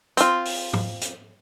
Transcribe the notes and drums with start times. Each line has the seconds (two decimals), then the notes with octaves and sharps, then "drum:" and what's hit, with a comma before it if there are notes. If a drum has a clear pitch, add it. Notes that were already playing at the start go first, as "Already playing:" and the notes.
0.17 C4 F4, drum: hi-hat
0.45 drum: open hi-hat
0.73 drum: tom
1.01 drum: hi-hat